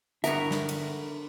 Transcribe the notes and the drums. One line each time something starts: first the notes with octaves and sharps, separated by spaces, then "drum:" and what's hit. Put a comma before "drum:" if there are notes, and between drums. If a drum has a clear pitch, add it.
G2 D3 B3 A#4 E5 A#5 C#6, drum: hi-hat
drum: snare
drum: cymbal